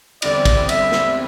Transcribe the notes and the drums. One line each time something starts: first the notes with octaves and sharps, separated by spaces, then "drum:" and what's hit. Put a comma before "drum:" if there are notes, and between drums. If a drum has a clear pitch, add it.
E2 D3 G3 C4 E4 D5, drum: cymbal
drum: kick, cymbal
E5, drum: cymbal
drum: snare